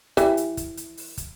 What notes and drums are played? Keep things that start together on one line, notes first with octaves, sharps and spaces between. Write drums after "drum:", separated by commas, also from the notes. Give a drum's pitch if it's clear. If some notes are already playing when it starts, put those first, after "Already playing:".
E3 G3, drum: kick, hi-hat
drum: hi-hat
drum: kick, hi-hat
drum: hi-hat
drum: open hi-hat
drum: kick, hi-hat